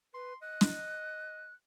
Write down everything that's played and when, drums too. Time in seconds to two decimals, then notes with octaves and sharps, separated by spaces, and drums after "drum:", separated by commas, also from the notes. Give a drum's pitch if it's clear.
0.14 B4 C6
0.42 D#5 F#6
0.61 drum: snare